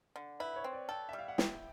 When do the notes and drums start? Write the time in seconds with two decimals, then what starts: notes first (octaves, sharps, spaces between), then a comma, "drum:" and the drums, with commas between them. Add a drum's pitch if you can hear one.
0.16 D3
0.40 E4 B4
0.56 C#5
0.64 C4
0.73 D5
0.89 A4 G5
1.09 G3 E5
1.19 F5
1.28 F#5
1.38 E4 G5, drum: snare